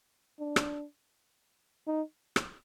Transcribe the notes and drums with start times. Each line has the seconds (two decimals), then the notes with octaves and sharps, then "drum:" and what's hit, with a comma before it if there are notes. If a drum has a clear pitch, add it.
0.40 D4
0.56 drum: rim click
1.87 D#4
2.36 drum: rim click